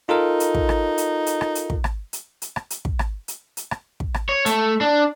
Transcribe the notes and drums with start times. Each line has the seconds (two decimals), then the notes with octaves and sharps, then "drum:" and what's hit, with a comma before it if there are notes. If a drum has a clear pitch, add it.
0.09 D#4 F4 A4 A#4
0.40 drum: hi-hat
0.54 drum: kick
0.69 drum: rim click
0.98 drum: hi-hat
1.26 drum: hi-hat
1.41 drum: rim click
1.55 drum: hi-hat
1.70 drum: kick
1.84 drum: rim click
2.13 drum: hi-hat
2.42 drum: hi-hat
2.56 drum: rim click
2.70 drum: hi-hat
2.85 drum: kick
2.99 drum: rim click
3.28 drum: hi-hat
3.57 drum: hi-hat
3.71 drum: rim click
4.00 drum: kick
4.14 drum: rim click
4.29 C#5
4.46 A3, drum: hi-hat
4.81 D4